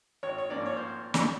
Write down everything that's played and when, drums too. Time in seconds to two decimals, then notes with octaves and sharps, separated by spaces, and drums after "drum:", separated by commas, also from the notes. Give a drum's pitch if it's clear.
0.23 G#1 C#5
0.38 C#5
0.50 G#2 F3 A#3 C#4 D5
0.66 C#5
0.77 C5
1.14 drum: snare